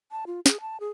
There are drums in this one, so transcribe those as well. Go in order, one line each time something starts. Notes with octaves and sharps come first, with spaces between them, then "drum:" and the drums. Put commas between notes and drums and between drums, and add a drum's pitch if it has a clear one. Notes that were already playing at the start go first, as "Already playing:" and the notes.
A5
F4
G#4, drum: snare
A5
G#4